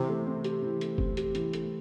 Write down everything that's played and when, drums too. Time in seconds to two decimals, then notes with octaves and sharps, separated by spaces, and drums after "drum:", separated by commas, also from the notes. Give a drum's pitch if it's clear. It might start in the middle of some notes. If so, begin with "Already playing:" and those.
Already playing: C3 E3
0.09 A3
0.27 C4
0.44 G4, drum: hi-hat
0.62 E3
0.81 A3, drum: hi-hat
0.98 C4, drum: kick F#1
1.17 G4, drum: hi-hat
1.35 E3, drum: hi-hat
1.53 A3, drum: hi-hat